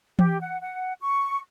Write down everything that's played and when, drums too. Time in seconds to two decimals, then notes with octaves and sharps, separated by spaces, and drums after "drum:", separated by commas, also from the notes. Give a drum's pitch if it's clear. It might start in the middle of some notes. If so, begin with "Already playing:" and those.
0.19 G4, drum: tom E3
0.41 F#5
0.61 F#5
1.00 C#6